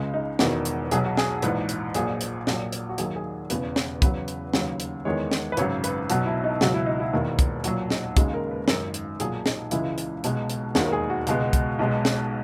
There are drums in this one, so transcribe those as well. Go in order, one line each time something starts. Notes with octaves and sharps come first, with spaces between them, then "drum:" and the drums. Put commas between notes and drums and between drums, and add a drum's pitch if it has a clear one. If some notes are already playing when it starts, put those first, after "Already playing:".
Already playing: C#2 C#3 G#3
D#4
E1 E2 D#3 F#4, drum: snare
drum: hi-hat
B1 B2 F#3 G#4, drum: hi-hat
F#4
G#4, drum: snare
A#1 G#2 E3 B4, drum: hi-hat
drum: hi-hat
A#1 A#2 F#3 G#4, drum: hi-hat
drum: hi-hat
A#1 A#2 F#3, drum: snare
drum: hi-hat
F#4
D#2 D#3 F#3 G#4, drum: hi-hat
G#4
E1 E2 C#3 B4, drum: hi-hat
drum: snare
E2 C#3 F#3 B4, drum: kick, hi-hat
drum: hi-hat
D#2 C#3 F#3, drum: snare
drum: hi-hat
E2 D#3 G#3 C#5
drum: snare
B4
G#1 F#2 C#3 F#3 C#5, drum: hi-hat
B4, drum: hi-hat
B1 B2 F#3 F#4, drum: hi-hat
E4
D#4
C#2 B2 F#3 F#4, drum: snare
E4
D#4
E4
E1 D#2 D#3
drum: kick, hi-hat
B1 A#2 F#3 F#4, drum: hi-hat
D#4, drum: snare
D#2 C#3 G#3 F#4, drum: kick, hi-hat
A#4
B4
G#1 F#2 D#3 A#4, drum: snare
drum: hi-hat
B1 A#2 F#3 G#4, drum: hi-hat
D#4, drum: snare
C#2 C#3 E3 G#3 E4, drum: hi-hat
drum: hi-hat
B1 B2 G#3, drum: hi-hat
drum: hi-hat
E1 D#2 D#3 G#3 F#4, drum: snare
A#4
G#4
F#4
C#2 B2 G#3, drum: hi-hat
drum: kick, hi-hat
B1 B2 G#3
drum: snare